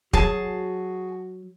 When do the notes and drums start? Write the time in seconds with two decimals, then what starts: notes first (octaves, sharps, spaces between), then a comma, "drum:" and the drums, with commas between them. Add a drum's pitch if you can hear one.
0.13 F#3 F#4 G#4 A5, drum: kick